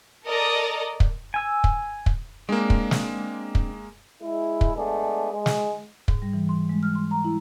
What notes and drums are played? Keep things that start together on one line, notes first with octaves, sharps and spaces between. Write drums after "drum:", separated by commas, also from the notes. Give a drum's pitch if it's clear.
A4 A#4 D5 D#5 A#5
drum: kick
G#5 E6
drum: kick
drum: kick
G#3 A#3 C4 D4
drum: kick
drum: snare
drum: kick
G#3 E4
drum: kick
G#3 A3 B3 D4 G#4
G#3
drum: snare
G#2, drum: kick
G3
E3
C6
G#3
F6
C6
A#5
E4